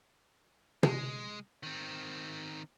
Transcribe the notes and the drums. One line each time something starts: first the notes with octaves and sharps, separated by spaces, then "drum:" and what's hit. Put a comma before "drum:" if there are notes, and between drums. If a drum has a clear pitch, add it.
G#3, drum: tom
D#3 C4